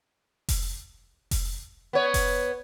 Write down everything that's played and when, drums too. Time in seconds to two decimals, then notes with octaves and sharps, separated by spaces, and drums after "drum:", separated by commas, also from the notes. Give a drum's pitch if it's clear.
0.49 drum: kick F1, open hi-hat
1.31 drum: kick F1, open hi-hat
1.93 B3 C#5
2.14 drum: kick F1, open hi-hat